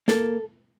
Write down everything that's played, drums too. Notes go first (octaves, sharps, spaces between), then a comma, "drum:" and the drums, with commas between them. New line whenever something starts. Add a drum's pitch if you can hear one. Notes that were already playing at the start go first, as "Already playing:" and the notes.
A#3 A4, drum: snare